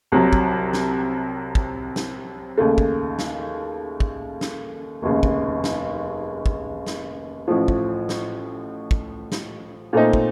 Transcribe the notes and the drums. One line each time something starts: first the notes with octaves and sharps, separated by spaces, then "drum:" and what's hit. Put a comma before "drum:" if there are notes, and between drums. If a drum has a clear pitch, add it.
C2 C3 F#3
drum: kick
drum: snare
drum: kick
drum: snare
D#2 C#3 A3
drum: kick
drum: snare
drum: kick
drum: snare
F1 D#2 C#3
drum: kick
drum: snare
drum: kick
drum: snare
A1 A2 F3
drum: kick
drum: snare
drum: kick
drum: snare
A#2 A3 C4 D#4
drum: kick